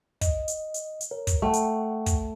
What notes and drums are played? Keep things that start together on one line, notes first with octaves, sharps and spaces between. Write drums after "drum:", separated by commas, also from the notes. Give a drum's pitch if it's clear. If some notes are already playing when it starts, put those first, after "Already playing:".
D#5, drum: kick, hi-hat
drum: hi-hat
drum: hi-hat
drum: hi-hat
A#4 C#5
drum: kick, hi-hat
A3 F#5 G5 C#6
drum: hi-hat
drum: kick, hi-hat